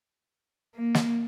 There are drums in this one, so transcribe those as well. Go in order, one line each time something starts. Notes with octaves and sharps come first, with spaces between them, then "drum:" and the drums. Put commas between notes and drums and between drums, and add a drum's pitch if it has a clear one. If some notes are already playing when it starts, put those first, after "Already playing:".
A#3
drum: snare